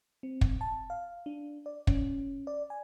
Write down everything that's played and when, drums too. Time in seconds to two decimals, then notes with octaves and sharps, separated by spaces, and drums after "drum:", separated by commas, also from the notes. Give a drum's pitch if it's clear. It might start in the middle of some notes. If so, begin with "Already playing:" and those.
0.23 C4
0.41 drum: kick
0.61 A5
0.90 F5
1.26 D4
1.66 D5
1.87 C#4, drum: kick
2.47 D5
2.70 G#5